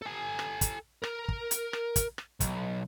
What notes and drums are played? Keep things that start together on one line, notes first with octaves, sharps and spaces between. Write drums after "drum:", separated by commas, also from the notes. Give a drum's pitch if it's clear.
A4 G#5
drum: rim click
drum: kick, hi-hat
A#4, drum: rim click
drum: kick
drum: hi-hat
drum: rim click
drum: kick, hi-hat
drum: rim click
B1, drum: kick, hi-hat